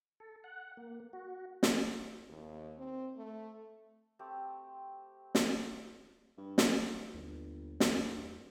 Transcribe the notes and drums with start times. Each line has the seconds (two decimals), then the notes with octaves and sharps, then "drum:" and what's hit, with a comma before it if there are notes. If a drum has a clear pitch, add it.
0.20 A4
0.44 F#5
0.77 A#3
1.13 F#4
1.63 drum: snare
2.29 D#2
2.78 C4
3.17 A3
4.19 A3 C4 G4
5.35 drum: snare
6.38 G2
6.58 F#3, drum: snare
7.14 G1 D#2
7.80 E2 E3, drum: snare
7.96 E2 G2